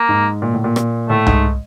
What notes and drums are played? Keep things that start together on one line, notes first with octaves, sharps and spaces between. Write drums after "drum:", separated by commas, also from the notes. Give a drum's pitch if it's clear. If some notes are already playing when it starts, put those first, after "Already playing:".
Already playing: A#3
G#2
A#2
A2
A#2
A#2, drum: rim click
A2 A3
G#2, drum: tom C2